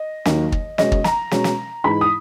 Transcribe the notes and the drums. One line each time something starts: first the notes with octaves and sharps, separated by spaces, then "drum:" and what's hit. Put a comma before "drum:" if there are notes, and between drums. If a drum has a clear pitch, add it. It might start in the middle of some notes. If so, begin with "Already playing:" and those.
Already playing: D#5
D#2 D#3 F#3 A#3 D#4, drum: snare
drum: kick
B2 G#3 C#4 D#5, drum: snare
drum: kick
A#5, drum: snare
B2 G#3 C#4, drum: snare
drum: snare
G#2 E3 G#3 D#4 B5
D#6